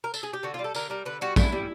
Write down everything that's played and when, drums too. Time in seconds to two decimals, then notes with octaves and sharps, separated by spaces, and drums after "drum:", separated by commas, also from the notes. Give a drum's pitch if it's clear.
0.04 A#4
0.14 A4, drum: tambourine
0.23 G#4
0.33 G4
0.43 D3 F#4
0.54 F4
0.59 G3
0.64 A4
0.74 D3 A#4, drum: tambourine
0.90 G3 A#4
1.05 D3 B4
1.21 G3 F#4
1.36 D3 E4, drum: kick, tambourine
1.52 G3